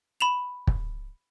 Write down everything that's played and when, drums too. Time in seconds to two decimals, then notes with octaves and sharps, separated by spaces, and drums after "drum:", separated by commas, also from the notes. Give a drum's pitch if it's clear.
0.21 B5 E7 F7
0.67 drum: kick